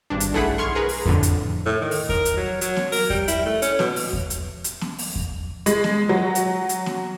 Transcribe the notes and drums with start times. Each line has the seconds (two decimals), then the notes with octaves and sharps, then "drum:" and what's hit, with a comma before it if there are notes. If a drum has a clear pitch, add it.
0.10 G#1 G2 D4
0.20 drum: hi-hat
0.33 B1 A3 E4 G#4 F#5 B5
0.58 C6 C#6 F6 G#6
0.75 G#4 A#4 B4
0.89 drum: open hi-hat
1.06 F2 A2 D3, drum: kick E2
1.23 drum: hi-hat
1.66 A2
1.81 D#3
1.91 drum: open hi-hat
2.09 A#4, drum: kick E2
2.25 drum: hi-hat
2.37 F#3
2.61 F#3, drum: hi-hat
2.76 drum: snare B3
2.92 A#4, drum: open hi-hat
3.10 G3, drum: kick E2
3.28 E4, drum: hi-hat
3.45 A3
3.62 C#4, drum: hi-hat
3.79 B2, drum: snare B3
3.96 drum: open hi-hat
4.13 drum: kick E2
4.30 drum: hi-hat
4.64 drum: hi-hat
4.81 drum: snare B3
4.98 drum: open hi-hat
5.16 drum: kick E2
5.66 G#3, drum: hi-hat
5.84 drum: snare B3
6.09 F#3
6.35 drum: hi-hat
6.69 drum: hi-hat
6.86 drum: snare B3